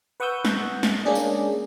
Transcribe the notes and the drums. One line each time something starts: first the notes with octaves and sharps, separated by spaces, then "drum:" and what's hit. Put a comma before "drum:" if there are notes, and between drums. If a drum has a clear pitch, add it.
B4 F#5 C#6 D#6 E6 G6
drum: snare
drum: snare
G#3 A#3 C#4 D4 G#4 D5
drum: tambourine